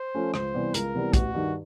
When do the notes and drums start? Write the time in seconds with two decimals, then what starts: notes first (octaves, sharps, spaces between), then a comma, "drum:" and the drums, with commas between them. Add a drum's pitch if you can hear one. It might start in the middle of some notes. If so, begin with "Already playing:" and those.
Already playing: C5
0.15 F3 A3 C#4
0.34 C#2 C5, drum: rim click
0.54 C3 E3 G3 B3
0.74 C#2 A#4, drum: hi-hat
0.95 C3 E3 G3 B3
1.13 A1 F#4, drum: kick, hi-hat
1.34 G2 D#3